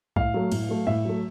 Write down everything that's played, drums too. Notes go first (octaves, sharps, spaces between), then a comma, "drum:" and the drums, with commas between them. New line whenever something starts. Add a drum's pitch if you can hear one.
A2 F5, drum: kick
F#3 A3
A2, drum: cymbal
F#3 A3
A2 E5
F#3 A3